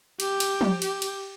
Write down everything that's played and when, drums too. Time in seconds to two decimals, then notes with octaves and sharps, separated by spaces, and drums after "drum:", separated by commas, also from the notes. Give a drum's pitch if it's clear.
0.20 G4, drum: cymbal
0.40 drum: cymbal
0.61 drum: tom F3
0.82 G4, drum: cymbal
1.02 drum: cymbal